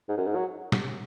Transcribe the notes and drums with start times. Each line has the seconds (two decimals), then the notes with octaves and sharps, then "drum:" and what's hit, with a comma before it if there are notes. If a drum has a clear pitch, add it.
0.09 G#2
0.17 F#2
0.26 G#2
0.35 F#3
0.72 drum: snare